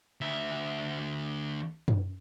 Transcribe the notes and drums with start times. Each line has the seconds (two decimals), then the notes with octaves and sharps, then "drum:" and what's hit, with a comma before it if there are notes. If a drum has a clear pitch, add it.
0.21 D2 E5
1.88 drum: tom F#2